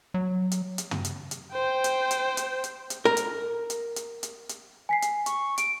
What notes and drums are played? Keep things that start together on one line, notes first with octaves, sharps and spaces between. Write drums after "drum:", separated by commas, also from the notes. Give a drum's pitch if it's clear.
F#3
drum: hi-hat
drum: hi-hat
drum: tom
drum: hi-hat
drum: hi-hat
C5 G5
drum: hi-hat
drum: hi-hat
drum: hi-hat
drum: hi-hat
drum: hi-hat
A#4
drum: hi-hat
drum: hi-hat
drum: hi-hat
drum: hi-hat
drum: hi-hat
G#5 B6 C7
drum: hi-hat
C#6, drum: hi-hat
D7, drum: hi-hat